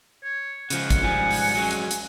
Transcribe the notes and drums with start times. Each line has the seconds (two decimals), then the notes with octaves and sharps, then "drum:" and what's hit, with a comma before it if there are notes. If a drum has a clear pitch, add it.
0.23 C#5
0.70 C#3 F3 G#3 F#5, drum: hi-hat
0.90 drum: kick G#1, hi-hat
1.03 G#2 F3 G3 G#5
1.31 drum: open hi-hat
1.55 F#3 G#3 C#4
1.71 drum: hi-hat
1.91 drum: hi-hat